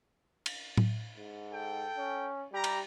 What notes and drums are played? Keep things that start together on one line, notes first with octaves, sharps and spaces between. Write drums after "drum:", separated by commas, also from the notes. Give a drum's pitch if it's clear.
drum: cymbal
drum: tom A2
G#2
A4 G5
C#4
G3 G4 A#5
drum: cymbal